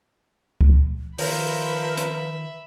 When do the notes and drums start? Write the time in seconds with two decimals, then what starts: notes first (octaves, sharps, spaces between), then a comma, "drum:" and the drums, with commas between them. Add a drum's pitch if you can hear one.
0.61 drum: kick C#2
1.18 D#3 F3 A#4 B4 E5 B5, drum: open hi-hat
1.97 drum: hi-hat